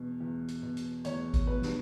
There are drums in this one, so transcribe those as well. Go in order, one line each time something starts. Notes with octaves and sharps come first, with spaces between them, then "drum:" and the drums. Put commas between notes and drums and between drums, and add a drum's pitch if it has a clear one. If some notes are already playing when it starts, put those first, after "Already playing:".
Already playing: E2 B2
E2
drum: hi-hat
B2
drum: hi-hat
E2 C#5, drum: hi-hat
drum: kick G#1, hi-hat
B2 B4
drum: snare